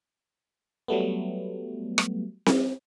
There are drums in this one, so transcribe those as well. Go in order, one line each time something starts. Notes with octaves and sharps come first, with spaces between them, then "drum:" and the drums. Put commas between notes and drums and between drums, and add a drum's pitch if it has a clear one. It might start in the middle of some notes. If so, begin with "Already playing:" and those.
F#3 G3 A3 B3
drum: rim click
drum: snare C4